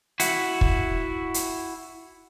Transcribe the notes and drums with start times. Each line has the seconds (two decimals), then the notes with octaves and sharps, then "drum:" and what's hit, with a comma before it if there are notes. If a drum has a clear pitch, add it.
0.20 E4 F#4, drum: hi-hat
0.61 drum: kick
1.34 drum: hi-hat